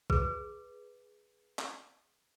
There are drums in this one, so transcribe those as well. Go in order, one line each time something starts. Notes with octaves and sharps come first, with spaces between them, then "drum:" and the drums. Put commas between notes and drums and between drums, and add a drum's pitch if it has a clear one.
G#4 B4, drum: kick
drum: clap